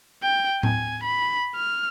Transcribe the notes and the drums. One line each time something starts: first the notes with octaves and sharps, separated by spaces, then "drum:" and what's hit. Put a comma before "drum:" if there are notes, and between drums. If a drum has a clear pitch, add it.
G5
G#5, drum: tom A2
B5
F6